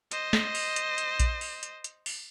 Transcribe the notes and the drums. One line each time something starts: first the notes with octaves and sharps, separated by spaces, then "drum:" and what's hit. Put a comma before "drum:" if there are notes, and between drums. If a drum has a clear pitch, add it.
C5 D#5, drum: hi-hat
drum: snare
drum: open hi-hat
drum: hi-hat
drum: hi-hat
drum: kick A#1, hi-hat
drum: open hi-hat
drum: hi-hat
drum: hi-hat
drum: open hi-hat